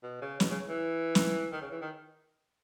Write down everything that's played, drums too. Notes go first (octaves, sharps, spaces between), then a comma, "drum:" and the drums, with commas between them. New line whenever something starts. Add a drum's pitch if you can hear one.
B2
C#3
B2, drum: snare
C#3
E3
drum: snare
D#3
C#3
E3
D#3